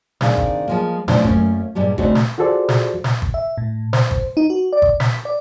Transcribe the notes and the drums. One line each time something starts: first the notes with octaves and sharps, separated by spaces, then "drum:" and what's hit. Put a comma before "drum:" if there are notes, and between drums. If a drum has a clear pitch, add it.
C3 D#3 D4 G#4 F5, drum: snare
drum: kick
F3 G#3 A#3
A2 D3 F3 C#4 D4 C5, drum: snare
F#2 A3 A#3 C#4, drum: kick
G2 A#2 G3 G#3
C#3 A3 C4 D4 D#4 F#4, drum: kick
drum: snare
F4 F#4 G#4 A4 C5 D5
drum: snare
drum: snare
drum: kick
E5
A2
C5, drum: snare
drum: kick
D#4
F#4
D5
drum: kick
B6, drum: snare
D5